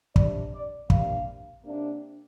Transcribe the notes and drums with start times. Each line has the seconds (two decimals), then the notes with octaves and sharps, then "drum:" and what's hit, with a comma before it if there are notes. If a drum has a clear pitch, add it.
0.16 C3 G3 D4 D5, drum: kick
0.53 D5
0.90 C3 G3 A#3 D4 F5, drum: kick
1.64 C3 A#3 D4